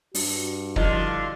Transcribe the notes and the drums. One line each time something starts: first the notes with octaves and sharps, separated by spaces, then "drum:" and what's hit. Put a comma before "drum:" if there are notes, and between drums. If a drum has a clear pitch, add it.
G2 F#4, drum: open hi-hat
D3 F3 E4 D5 D#5, drum: kick